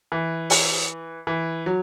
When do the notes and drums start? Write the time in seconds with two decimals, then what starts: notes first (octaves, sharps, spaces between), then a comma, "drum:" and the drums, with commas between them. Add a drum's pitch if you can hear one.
0.12 E3
0.50 drum: open hi-hat
1.27 E3
1.66 F#3